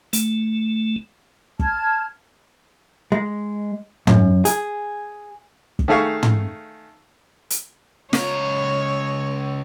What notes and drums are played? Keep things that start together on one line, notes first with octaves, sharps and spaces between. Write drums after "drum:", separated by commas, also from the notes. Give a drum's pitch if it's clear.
A3, drum: hi-hat
A5 F6 G#6, drum: kick
G#3
F#2, drum: tom
G#4, drum: hi-hat
drum: kick
D#3 A3 G#4 F5 C#6
drum: tom
drum: hi-hat
C#2 C#5 A#5, drum: snare